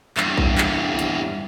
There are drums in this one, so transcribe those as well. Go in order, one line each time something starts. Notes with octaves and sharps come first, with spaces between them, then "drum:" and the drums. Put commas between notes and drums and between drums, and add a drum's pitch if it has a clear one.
E2 G2, drum: clap
drum: kick A#1
drum: clap
drum: hi-hat